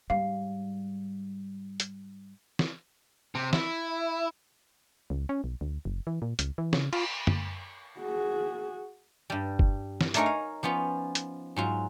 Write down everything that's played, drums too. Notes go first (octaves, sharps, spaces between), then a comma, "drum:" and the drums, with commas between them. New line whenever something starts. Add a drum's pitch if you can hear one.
G#2 G3 F5
drum: hi-hat
drum: snare
C3
E4, drum: snare
C#2
C#4
B1
D2
F#1
E3
A#2
C#2, drum: hi-hat
E3
C#3, drum: snare
F4, drum: cymbal
drum: tom F#2
F#4 G#4
G2 G3
drum: kick F#1
drum: snare
A3 D4 D#4 A#4 C#5 G#5, drum: hi-hat
F5
F3 B3 C#4 F4
drum: hi-hat
G#2 F#3 F4